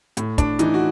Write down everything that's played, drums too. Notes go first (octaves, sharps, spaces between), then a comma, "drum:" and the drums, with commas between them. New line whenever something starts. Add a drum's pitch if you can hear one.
A2, drum: hi-hat
D4, drum: kick, hi-hat
E3 D#4, drum: hi-hat
F#4